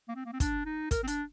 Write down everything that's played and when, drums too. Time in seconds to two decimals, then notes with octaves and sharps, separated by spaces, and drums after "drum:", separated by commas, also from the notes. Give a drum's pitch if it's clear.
0.09 A#3
0.15 C4
0.26 A#3
0.33 C4
0.40 D4, drum: kick, hi-hat
0.65 D#4
0.91 A#4, drum: kick, hi-hat
1.03 C4
1.08 D4, drum: hi-hat